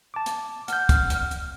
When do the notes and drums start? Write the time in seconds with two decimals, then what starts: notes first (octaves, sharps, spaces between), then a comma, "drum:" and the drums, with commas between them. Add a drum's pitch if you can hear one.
0.14 A5 D6
0.26 drum: hi-hat
0.68 F#5 F6 G6, drum: hi-hat
0.89 drum: kick, hi-hat
1.10 drum: hi-hat
1.31 drum: hi-hat